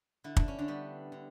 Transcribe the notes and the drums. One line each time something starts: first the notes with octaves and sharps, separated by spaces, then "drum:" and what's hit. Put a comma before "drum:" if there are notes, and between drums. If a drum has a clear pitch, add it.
D3 E4
D4, drum: kick
C#4
D3 D4
G3 B3
D3